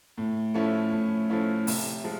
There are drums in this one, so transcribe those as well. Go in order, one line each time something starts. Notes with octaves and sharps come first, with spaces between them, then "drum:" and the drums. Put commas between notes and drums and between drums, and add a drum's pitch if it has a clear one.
A2
F3 A3 C#4 E4
A2
F3 A3 C#4 E4
C3, drum: open hi-hat
F3 G#3